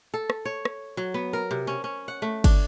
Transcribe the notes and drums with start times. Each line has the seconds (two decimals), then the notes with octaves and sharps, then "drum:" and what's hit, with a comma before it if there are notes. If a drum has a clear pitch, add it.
0.14 A4
0.30 drum: rim click
0.45 C#5
0.65 drum: rim click
0.97 F#3
1.14 B3
1.33 A#4
1.51 C3
1.67 C#4
1.84 C#4
2.08 F#5
2.22 A3
2.44 D4, drum: kick, cymbal